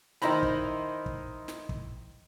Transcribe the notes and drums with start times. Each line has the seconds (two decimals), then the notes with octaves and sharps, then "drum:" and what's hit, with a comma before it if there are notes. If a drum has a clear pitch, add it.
0.22 D#3 D#4 E4 C5 A#5 B5, drum: snare
0.43 drum: kick
1.06 drum: kick
1.48 drum: snare
1.69 drum: kick